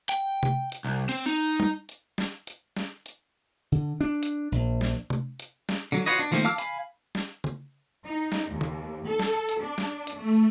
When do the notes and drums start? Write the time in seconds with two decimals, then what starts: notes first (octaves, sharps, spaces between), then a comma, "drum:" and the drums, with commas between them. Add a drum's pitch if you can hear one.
0.09 G5
0.43 drum: tom C3
0.72 drum: hi-hat
0.85 C2
1.09 C4
1.26 D#4
1.60 drum: tom
1.89 drum: hi-hat
2.18 drum: snare
2.47 drum: hi-hat
2.77 drum: snare
3.06 drum: hi-hat
3.72 D3
4.01 D4
4.23 drum: hi-hat
4.52 A#1
4.81 drum: snare
5.10 drum: tom C3
5.40 drum: hi-hat
5.69 drum: snare
5.92 D3 F#3
6.06 F4 F#4 B4 C#5 D#5
6.19 D4
6.31 D#3 F3 A3 A#3 C4
6.45 F5 A5 D6 E6 F6
6.58 F5 G#5 B5, drum: hi-hat
7.15 drum: snare
7.44 drum: tom C#3
8.05 D#4
8.32 drum: snare
8.50 D#2
8.61 drum: tom C#3
9.07 A4
9.19 drum: snare
9.49 drum: hi-hat
9.61 D4
9.78 drum: snare
10.07 drum: hi-hat
10.18 A3